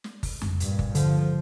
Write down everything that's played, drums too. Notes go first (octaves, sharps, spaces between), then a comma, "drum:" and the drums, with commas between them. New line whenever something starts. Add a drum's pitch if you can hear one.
drum: snare
drum: kick G1, open hi-hat
drum: tom F2
G2 A#2, drum: hi-hat
drum: kick G1
D3 F3, drum: hi-hat